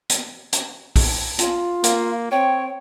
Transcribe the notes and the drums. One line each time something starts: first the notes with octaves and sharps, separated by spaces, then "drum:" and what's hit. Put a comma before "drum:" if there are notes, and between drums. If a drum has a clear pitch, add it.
drum: hi-hat
drum: hi-hat
drum: kick A#1, open hi-hat
F4, drum: hi-hat
A#3 F5, drum: hi-hat
C4 C#5 G5